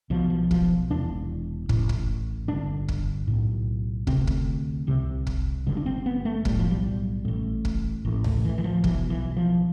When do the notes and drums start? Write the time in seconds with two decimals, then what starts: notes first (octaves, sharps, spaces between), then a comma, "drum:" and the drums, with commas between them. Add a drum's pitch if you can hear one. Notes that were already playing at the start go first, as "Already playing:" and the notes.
0.10 B1 B2 F3
0.30 F3
0.51 F3, drum: kick
0.90 E1 E2 C3 D4
1.69 A1 A2, drum: kick
1.89 drum: kick
2.48 G1 G2 D3 D4
2.88 drum: kick
3.28 B1 A2
4.07 D2 C3 C4, drum: kick
4.27 drum: kick
4.87 C2 C3
5.27 drum: kick
5.67 G1 G2 D3
5.77 D4
5.86 C4
6.06 B3
6.25 A3
6.45 B1 A2 G3, drum: kick
6.58 F3
6.71 G3
7.25 A1 A2
7.65 drum: kick
8.05 A1 A2
8.24 drum: tom C#2
8.45 E3
8.58 E3
8.64 F3
8.84 B1 B2 E3, drum: kick
9.10 E3
9.37 F3